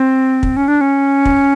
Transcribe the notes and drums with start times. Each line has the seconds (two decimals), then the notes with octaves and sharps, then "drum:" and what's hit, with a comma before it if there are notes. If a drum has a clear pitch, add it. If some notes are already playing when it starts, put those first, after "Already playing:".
Already playing: C4
0.43 drum: kick
0.57 C#4
0.68 D4
0.81 C#4
1.25 drum: kick